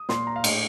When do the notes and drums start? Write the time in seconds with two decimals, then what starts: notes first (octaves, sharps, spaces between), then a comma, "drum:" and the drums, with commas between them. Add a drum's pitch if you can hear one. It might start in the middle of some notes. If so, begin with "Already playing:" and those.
Already playing: D#6
0.09 A#2 C6, drum: snare
0.27 A#5
0.36 F5
0.44 A2 D#5, drum: cymbal